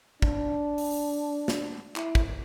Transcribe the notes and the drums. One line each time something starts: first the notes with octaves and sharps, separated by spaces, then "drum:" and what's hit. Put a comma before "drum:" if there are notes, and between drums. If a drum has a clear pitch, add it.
D4, drum: kick
drum: open hi-hat
drum: snare
E4, drum: clap
drum: kick